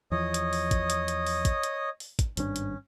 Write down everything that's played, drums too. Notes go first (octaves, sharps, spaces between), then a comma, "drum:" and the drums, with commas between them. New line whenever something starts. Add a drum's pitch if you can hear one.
E2 F3 C#5 D#5 D#6
drum: hi-hat
drum: open hi-hat
drum: kick, hi-hat
drum: hi-hat
drum: hi-hat
drum: open hi-hat
drum: kick, hi-hat
drum: hi-hat
drum: open hi-hat
drum: kick, hi-hat
G#1 G2 C#4 D4, drum: hi-hat
drum: hi-hat